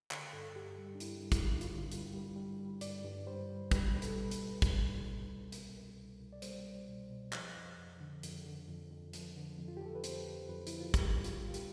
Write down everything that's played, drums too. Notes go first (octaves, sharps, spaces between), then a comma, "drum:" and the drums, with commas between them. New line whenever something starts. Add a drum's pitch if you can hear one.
D3, drum: clap
G2 A4
G2 G4
G3
D4
G2 E4, drum: hi-hat
G3
E4, drum: kick, hi-hat
D3
F4, drum: hi-hat
D3
G3, drum: hi-hat
G3
G3
G3
G2 D5, drum: hi-hat
G2
G3 C5
G3
G3 B4, drum: kick, hi-hat
B2 B4
A4, drum: hi-hat
G3
B4, drum: hi-hat
C2
B2, drum: kick, hi-hat
C2
C2
C2
C2, drum: hi-hat
C2
C2
C2
D5
G3 C5, drum: hi-hat
C2
B2
B2
F3, drum: clap
F2
F2
D3
F2, drum: hi-hat
D3
F2
F2
F3, drum: hi-hat
D3
F2
F4
G4
F3 A4
B4
F2 C5, drum: hi-hat
F2
F2 B4
D3 E4, drum: hi-hat
F4
G3 G4, drum: kick, hi-hat
A2
F4, drum: hi-hat
A2
F4
G4, drum: hi-hat